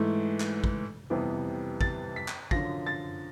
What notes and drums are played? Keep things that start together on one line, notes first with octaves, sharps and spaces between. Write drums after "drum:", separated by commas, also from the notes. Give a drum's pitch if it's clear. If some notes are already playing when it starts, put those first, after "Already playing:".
Already playing: G#2 E3 A3
drum: clap
drum: kick
F2 C3 E3 G3 B3
A6, drum: kick
B6
drum: clap
F#2 D3 F3 A#6, drum: kick
A6